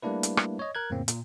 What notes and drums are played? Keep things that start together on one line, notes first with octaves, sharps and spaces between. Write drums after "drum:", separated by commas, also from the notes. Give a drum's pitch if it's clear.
G3 A3 A#3 D4 E4 B4
drum: hi-hat
drum: rim click
C#5 D#5
A#4 F#6 G#6
F2 A2 C#3 A#3 C4 C#4
A#2, drum: hi-hat